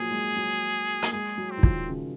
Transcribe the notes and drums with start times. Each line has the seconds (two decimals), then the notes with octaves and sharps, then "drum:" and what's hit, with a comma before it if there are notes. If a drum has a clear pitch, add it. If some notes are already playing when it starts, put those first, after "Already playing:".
Already playing: A#2 F3 F#3 G#4
0.11 G#3
0.37 F#3
1.02 A#3, drum: hi-hat
1.13 G#3 G#4
1.38 F#3
1.51 C4
1.58 D#3
1.63 F3, drum: kick
1.89 C#3